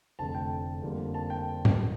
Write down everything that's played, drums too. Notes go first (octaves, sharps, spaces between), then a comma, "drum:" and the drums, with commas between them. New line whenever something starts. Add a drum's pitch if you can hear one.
F1 F2 D3 A3 A5
G5
F2 D3 G3 A#3
A5
G5
drum: tom A2